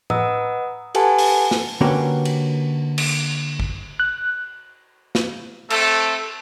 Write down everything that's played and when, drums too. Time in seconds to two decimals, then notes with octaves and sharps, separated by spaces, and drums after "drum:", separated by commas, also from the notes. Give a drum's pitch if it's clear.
0.10 B4 D#5 F#5 A#5 D#6 E6, drum: tom A2
0.95 G4 A4 B4 F#5 G#5 A5, drum: cymbal
1.19 drum: open hi-hat
1.51 drum: snare
1.81 D3 A#3 C#4 F#4 G4 B4
2.25 drum: cymbal
2.98 drum: cymbal
3.60 drum: kick
4.00 F#6
5.15 drum: snare
5.70 A3 C4 A4, drum: cymbal